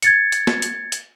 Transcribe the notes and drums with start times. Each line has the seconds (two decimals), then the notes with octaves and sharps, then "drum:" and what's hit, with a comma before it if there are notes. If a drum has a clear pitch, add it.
0.02 G#6 A6 C#7, drum: hi-hat
0.32 drum: hi-hat
0.47 drum: snare
0.62 drum: hi-hat
0.92 drum: hi-hat